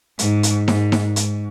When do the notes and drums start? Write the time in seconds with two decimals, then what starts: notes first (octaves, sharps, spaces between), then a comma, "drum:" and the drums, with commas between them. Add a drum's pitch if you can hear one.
0.19 G#2, drum: hi-hat
0.43 drum: hi-hat
0.68 G#2, drum: snare D#4
0.92 drum: snare D#4
1.16 G#2, drum: hi-hat